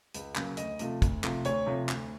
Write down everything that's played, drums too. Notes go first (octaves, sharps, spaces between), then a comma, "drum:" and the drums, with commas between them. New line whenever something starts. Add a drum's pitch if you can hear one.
C#2, drum: hi-hat
C#3 F#3 A#3, drum: clap
D2 D#5, drum: hi-hat
C3 F3 A3, drum: hi-hat
D2, drum: kick, hi-hat
C3 F3 A3, drum: clap
D2 C#5, drum: hi-hat
C3 F3 A3
D2, drum: clap